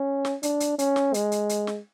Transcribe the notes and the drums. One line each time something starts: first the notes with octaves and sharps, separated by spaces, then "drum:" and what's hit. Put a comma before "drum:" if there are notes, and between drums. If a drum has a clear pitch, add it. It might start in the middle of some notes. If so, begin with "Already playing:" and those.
Already playing: C#4
drum: snare
D4, drum: hi-hat
drum: hi-hat
C#4, drum: hi-hat
drum: snare
G#3, drum: hi-hat
drum: hi-hat
drum: hi-hat
drum: snare